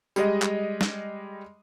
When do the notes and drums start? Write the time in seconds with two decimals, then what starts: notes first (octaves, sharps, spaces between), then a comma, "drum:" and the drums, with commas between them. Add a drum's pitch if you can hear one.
0.16 G3 G#3 D#5, drum: tambourine
0.42 drum: clap
0.81 drum: snare